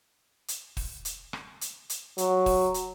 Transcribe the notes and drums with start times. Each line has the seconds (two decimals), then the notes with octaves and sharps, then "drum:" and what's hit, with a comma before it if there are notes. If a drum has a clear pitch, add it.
0.48 drum: hi-hat
0.77 drum: kick, open hi-hat
1.05 drum: hi-hat
1.33 drum: rim click
1.61 drum: hi-hat
1.90 drum: hi-hat
2.18 F#3, drum: hi-hat
2.46 drum: kick, open hi-hat
2.74 drum: hi-hat